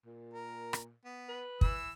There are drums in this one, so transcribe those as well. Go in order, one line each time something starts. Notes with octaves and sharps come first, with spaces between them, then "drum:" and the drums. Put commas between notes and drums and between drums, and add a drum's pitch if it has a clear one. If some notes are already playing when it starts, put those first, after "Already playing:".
A#2
A#4
drum: rim click
B3
B4
E3 E6, drum: kick